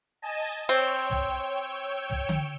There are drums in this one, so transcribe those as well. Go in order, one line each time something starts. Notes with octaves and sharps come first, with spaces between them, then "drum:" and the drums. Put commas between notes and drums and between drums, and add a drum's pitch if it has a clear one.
D#5 G#5 A5
C4 C#5 G5 E6
drum: tom
drum: tom
drum: tom D3